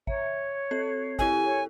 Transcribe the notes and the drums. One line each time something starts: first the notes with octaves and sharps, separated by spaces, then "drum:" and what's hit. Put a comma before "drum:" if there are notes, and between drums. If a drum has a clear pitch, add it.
C#5 E5, drum: kick
C4 A4 C7
E4 G4 A4 G#5, drum: kick
C#5